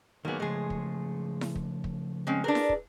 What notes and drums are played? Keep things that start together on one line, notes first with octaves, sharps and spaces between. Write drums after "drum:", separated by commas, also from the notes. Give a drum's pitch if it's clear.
D#3 F#3 A#3 B3 G#4
C#3 F3 G#3 A3 G#4
drum: kick
drum: snare E4
drum: kick
drum: kick
G#3 C4 C#4
D4 G#4 A#4 B4
drum: snare E4
drum: kick